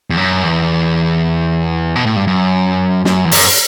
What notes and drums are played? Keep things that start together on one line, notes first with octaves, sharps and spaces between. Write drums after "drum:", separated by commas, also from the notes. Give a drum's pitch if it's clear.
E2
F#2
E2
B2
A2
G2
F#2
F#2, drum: snare
E2
F#2, drum: open hi-hat